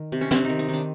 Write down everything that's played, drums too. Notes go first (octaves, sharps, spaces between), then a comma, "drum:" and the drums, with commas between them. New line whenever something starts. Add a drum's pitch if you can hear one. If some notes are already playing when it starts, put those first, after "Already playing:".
Already playing: D#3
C3
C#4
C3 C4, drum: snare
D#3 D#4
D#4
D#3 D4